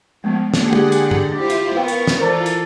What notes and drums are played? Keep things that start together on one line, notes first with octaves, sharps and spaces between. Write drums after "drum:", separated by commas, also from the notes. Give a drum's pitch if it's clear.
F3 G#3 A3 B3
D3 A#3 G4 G#4 F#5, drum: snare
drum: tom
drum: hi-hat
drum: tom
E4 F4 G4 C5
drum: hi-hat
B3 A#4 B4 F5 G5 C#6
drum: hi-hat
drum: snare
E3 F4 A4 A#4 C5 D5 A#5
drum: hi-hat